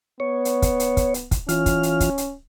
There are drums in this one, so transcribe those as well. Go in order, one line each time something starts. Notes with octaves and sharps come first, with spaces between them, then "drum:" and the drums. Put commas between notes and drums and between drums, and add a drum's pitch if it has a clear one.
B3 C#5
drum: hi-hat
drum: kick, hi-hat
drum: hi-hat
drum: kick, hi-hat
drum: hi-hat
drum: kick, hi-hat
E3 C#4 F4 F6, drum: hi-hat
drum: kick, hi-hat
drum: hi-hat
drum: kick, hi-hat
drum: hi-hat